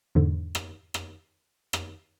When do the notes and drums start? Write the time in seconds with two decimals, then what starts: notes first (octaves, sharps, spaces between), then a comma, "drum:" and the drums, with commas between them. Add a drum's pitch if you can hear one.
0.15 E2 G#2 D3
0.55 drum: rim click
0.94 drum: rim click
1.73 drum: rim click